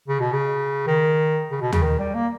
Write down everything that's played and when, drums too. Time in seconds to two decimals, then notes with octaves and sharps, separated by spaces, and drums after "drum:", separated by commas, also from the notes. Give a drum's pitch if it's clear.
0.08 C#3
0.20 B2
0.33 C#3
0.87 D#3
1.51 C#3
1.61 B2
1.72 C#3, drum: tom D#2
1.82 D#3
1.99 G3
2.15 A#3